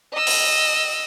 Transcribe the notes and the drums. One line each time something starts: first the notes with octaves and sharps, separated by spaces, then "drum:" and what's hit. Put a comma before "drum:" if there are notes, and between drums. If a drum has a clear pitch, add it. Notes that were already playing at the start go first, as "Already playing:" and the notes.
D#5 E6
drum: open hi-hat